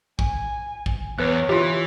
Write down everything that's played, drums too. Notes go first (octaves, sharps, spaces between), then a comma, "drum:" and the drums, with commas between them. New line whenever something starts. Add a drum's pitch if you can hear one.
G#5, drum: kick
drum: kick
E2 B4 C#5 F#6
E3 F4 G4